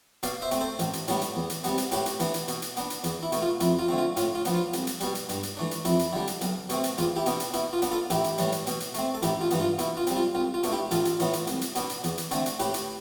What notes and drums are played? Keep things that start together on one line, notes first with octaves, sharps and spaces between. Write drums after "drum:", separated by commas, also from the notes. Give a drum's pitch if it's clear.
B2 D5 F5, drum: hi-hat
C5 E5
A3 C4, drum: hi-hat
A4 C5
A1, drum: hi-hat
drum: hi-hat
A2 G3 B3 D4, drum: hi-hat
drum: hi-hat
E2
drum: hi-hat
C3 G3 B3, drum: hi-hat
drum: hi-hat
A2 G4 B4, drum: hi-hat
drum: hi-hat
E3 B3 D4, drum: hi-hat
drum: hi-hat
B2, drum: hi-hat
drum: hi-hat
B3 D4, drum: hi-hat
drum: hi-hat
E2, drum: hi-hat
E4
B2 A3, drum: hi-hat
F4
F2 E4, drum: hi-hat
F4
D3 A3 C4
F4
A2 F4, drum: hi-hat
F4
F3 B3 D4, drum: hi-hat
F4
C2, drum: hi-hat
drum: hi-hat
B2 G3, drum: hi-hat
drum: hi-hat
G2, drum: hi-hat
drum: hi-hat
E3 A3 D4
drum: hi-hat
F2 E4, drum: hi-hat
drum: hi-hat
D3 G3 D4
drum: hi-hat
B1, drum: hi-hat
B2 A3 C4, drum: hi-hat
drum: hi-hat
E2 F4, drum: hi-hat
E4 G4
B2 B3 D4, drum: hi-hat
drum: hi-hat
B2 E4, drum: hi-hat
F4
B3 D4, drum: hi-hat
F4 A4
A1 E4 G4, drum: hi-hat
drum: hi-hat
A2 E3 G3, drum: hi-hat
drum: hi-hat
B2, drum: hi-hat
drum: hi-hat
A3 C4, drum: hi-hat
A4
A1 E4 G4, drum: hi-hat
F4
G2 E3 B3, drum: hi-hat
F4
B2 E4, drum: hi-hat
F4
G3 C4, drum: hi-hat
F4
C2 F4
F4
B2 A3 D4, drum: hi-hat
E4 G4
A1 F4 A4, drum: hi-hat
drum: hi-hat
A2 E3 B3, drum: hi-hat
drum: hi-hat
C2, drum: hi-hat
drum: hi-hat
B2 B3 D4, drum: hi-hat
drum: hi-hat
E2, drum: hi-hat
drum: hi-hat
D3 A3 C4, drum: hi-hat
drum: hi-hat
A2 G4 B4, drum: hi-hat
drum: hi-hat